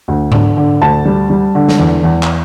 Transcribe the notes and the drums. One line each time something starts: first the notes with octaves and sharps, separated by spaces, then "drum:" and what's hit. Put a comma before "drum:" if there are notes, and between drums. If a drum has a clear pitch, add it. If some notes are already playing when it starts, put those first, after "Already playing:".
D2
D3, drum: tom G#2
D3
D2 A5
G3
G3
D3
drum: snare
E2
E2
drum: clap